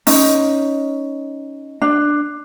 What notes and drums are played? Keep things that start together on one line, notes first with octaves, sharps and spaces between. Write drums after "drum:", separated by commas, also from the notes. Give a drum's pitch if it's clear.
C#4 D#4, drum: open hi-hat
D4